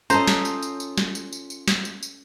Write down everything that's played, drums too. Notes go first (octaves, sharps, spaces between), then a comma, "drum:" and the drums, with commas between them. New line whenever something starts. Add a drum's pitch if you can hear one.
C#4 F4 A4 C5 D#5 A5 A#5, drum: tambourine
drum: snare
drum: tambourine
drum: tambourine
drum: tambourine
drum: snare
drum: tambourine
drum: tambourine
drum: tambourine
drum: snare
drum: tambourine
drum: tambourine